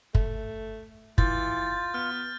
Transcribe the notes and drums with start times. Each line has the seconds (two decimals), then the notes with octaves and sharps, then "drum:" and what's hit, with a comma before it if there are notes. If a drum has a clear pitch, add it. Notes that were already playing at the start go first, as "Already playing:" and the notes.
0.15 A3, drum: kick F#1
1.18 E3 F4 G6 A6, drum: kick F#1
1.94 B3 F6